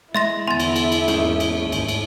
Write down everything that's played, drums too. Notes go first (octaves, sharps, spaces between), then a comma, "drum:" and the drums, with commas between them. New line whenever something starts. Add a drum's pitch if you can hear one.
G#3 E4 E5 C6 A#6
E2 D3 B3 G#5 C6 A6
drum: cymbal
drum: cymbal
drum: cymbal
E2 G#2 G#3 A#3 C#4 D#4, drum: cymbal
drum: cymbal
G#1 D2 G2
drum: cymbal
drum: cymbal